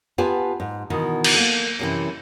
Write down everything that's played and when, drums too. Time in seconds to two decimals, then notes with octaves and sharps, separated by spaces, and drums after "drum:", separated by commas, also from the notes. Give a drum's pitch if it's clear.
0.18 B3 F4 G4 B4 G#5 A5
0.60 G#2
0.90 B2 D#3 E3
1.24 drum: cymbal
1.34 A#3 A4
1.79 F#2 C3 E3